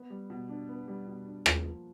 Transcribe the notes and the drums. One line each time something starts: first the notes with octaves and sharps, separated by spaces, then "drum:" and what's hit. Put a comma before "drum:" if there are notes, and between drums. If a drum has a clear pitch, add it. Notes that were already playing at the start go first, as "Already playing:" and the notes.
Already playing: B3
G3
B2
D4
B3
G3
B2
D4
A#3, drum: rim click
F3